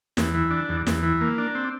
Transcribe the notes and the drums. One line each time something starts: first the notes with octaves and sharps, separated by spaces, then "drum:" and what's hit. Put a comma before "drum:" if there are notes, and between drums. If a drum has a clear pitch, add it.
E2, drum: snare
E3
D4
E2
E2, drum: snare
E3
A#3
D4
C4